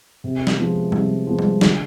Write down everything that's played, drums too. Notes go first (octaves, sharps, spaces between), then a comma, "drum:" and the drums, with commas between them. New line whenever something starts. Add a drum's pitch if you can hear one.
C3
drum: snare
F3 G#3 B3
C3, drum: tom G3
F3 G#3 B3
drum: tom G3
D3, drum: snare